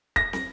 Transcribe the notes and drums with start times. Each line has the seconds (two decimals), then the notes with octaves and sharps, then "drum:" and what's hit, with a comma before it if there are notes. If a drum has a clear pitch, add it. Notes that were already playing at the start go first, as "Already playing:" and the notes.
0.16 A#6, drum: kick
0.33 drum: snare